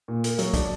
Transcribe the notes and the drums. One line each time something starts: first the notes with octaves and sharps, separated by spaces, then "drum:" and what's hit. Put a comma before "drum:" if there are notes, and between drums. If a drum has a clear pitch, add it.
A#2
A#3, drum: hi-hat
F#3, drum: hi-hat
D4, drum: kick, hi-hat